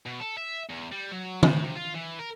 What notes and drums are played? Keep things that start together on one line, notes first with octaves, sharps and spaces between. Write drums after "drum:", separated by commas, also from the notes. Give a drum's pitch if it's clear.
B2
A4
E5
E2
G3
F#3
A2, drum: tom D#3
C3
F4
E3
A#4